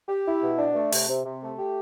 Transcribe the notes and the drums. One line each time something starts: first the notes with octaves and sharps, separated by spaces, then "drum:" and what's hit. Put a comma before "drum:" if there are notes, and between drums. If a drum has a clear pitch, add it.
G4
E4
B2
D4
A3
C3, drum: open hi-hat
C3
C3
A3
G4